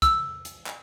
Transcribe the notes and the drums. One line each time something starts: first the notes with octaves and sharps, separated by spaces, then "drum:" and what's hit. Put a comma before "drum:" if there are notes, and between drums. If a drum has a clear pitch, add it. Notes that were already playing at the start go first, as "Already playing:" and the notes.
E6, drum: kick C2, hi-hat
drum: hi-hat
drum: clap